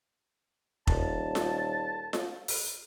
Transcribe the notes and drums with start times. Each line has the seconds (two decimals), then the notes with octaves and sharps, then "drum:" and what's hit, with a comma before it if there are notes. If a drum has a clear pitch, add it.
0.87 D#1 A5, drum: kick F1
1.35 drum: snare F4
2.13 drum: snare F4
2.48 drum: open hi-hat